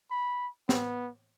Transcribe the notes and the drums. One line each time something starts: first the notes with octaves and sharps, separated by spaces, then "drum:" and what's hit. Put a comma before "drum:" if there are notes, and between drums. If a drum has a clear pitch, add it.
B5
B3, drum: snare